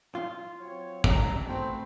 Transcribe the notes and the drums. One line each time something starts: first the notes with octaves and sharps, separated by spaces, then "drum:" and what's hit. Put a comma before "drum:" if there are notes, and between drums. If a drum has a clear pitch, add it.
F4
F#3 C4 C#5
B1 F2 G#2 C#3 F#3 A#5, drum: kick
A3 C4 F#4 B4 C5 G5